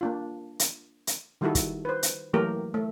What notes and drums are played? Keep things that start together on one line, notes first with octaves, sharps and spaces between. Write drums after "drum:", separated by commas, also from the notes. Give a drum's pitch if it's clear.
A#3 D4 F4
drum: hi-hat
drum: hi-hat
D#3 G3 D#4 E4 F#4 A4
drum: kick, hi-hat
B4 C5
drum: hi-hat
E3 F#3 A3 A#3 G4 A#4
A3